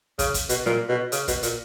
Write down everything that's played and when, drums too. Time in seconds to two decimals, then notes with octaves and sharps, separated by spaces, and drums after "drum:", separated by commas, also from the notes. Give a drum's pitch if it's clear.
0.19 C#3, drum: kick, hi-hat
0.34 drum: kick, hi-hat
0.49 B2, drum: hi-hat
0.66 A#2, drum: snare
0.89 B2
1.12 C#3, drum: hi-hat
1.28 B2, drum: kick, hi-hat
1.43 A#2, drum: hi-hat